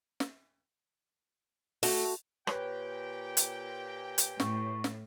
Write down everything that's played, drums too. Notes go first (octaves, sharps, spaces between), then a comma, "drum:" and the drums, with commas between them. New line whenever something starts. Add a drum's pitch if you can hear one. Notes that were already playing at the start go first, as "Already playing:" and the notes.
drum: snare
A3 F#4, drum: open hi-hat
A#2 G4 B4 C#5 G5, drum: rim click
drum: hi-hat
drum: hi-hat
A2 C#6, drum: snare
drum: snare